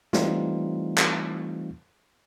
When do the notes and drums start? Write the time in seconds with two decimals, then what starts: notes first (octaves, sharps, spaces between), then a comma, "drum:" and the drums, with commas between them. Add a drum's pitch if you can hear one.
0.13 E3 G3 A3 C4 D#4 F4, drum: snare
0.98 drum: clap